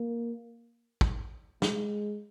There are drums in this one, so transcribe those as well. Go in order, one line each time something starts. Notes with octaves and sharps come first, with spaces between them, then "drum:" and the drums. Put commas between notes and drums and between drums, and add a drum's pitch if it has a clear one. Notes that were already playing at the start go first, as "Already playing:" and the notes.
Already playing: A#3
drum: kick
G#3, drum: snare